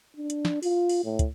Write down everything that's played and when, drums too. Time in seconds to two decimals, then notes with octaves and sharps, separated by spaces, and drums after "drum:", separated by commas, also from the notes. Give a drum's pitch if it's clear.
0.16 D4
0.30 drum: hi-hat
0.45 drum: snare
0.63 F4, drum: open hi-hat
0.89 drum: open hi-hat
1.04 A2
1.19 drum: kick, hi-hat